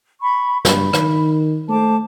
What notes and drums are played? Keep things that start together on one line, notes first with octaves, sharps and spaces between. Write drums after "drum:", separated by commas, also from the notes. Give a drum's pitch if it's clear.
B5 C#6
G2 B5, drum: snare
D#3, drum: rim click
A3 C5 A5 D6